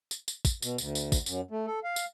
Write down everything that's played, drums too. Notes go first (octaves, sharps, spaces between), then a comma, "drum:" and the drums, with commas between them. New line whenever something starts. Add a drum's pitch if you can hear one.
drum: tambourine
drum: tambourine
drum: kick, tambourine
B2, drum: tambourine
D2, drum: tambourine
drum: tambourine
drum: kick, tambourine
F#2, drum: tambourine
A3
A4
F5
drum: tambourine